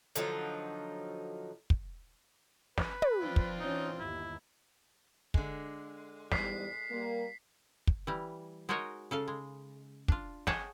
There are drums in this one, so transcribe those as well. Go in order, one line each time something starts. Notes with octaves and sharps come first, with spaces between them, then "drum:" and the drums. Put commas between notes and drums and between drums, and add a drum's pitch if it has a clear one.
D3 F3 F#3 D#4, drum: hi-hat
drum: kick
B4, drum: snare
drum: tom
F3 C4 D4 F4
drum: kick
E3 C#4 D#4
G1 D#2 E4
D3 G#3, drum: kick
E2 G#2 G3 B6 C7, drum: snare
G3 A#3
drum: kick
E3 G3
G#3 D#4 F#4 A#4 C#5 D#5
C#3 A4 F5
G#3
D4 F4, drum: kick
G#4 C#5 D#5 F#5 G5 A5, drum: snare